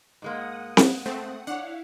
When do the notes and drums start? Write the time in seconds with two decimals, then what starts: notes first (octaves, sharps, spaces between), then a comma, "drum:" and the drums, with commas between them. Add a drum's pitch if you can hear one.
0.22 G#2 G#3 A#3 F#5 D#6
0.77 drum: snare C4
1.06 A3 C4
1.47 D4 E4 C#5 F5 F#5